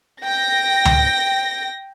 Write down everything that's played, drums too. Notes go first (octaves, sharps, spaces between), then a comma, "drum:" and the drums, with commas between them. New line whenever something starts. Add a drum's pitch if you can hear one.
G5 A#6
drum: tom C#2